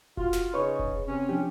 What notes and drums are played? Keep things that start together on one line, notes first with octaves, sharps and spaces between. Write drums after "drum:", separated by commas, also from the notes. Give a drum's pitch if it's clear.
F4 F#4, drum: kick F1
drum: snare
C#3 D#4 G#4 B4 C#5 C#6
drum: kick F1
C3 C#4
F3 D4 G4